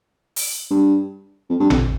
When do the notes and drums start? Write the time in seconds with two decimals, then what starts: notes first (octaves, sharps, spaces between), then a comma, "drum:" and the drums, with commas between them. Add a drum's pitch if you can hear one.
0.36 drum: open hi-hat
0.71 G2
1.50 F2
1.60 G2
1.70 F2, drum: tom A1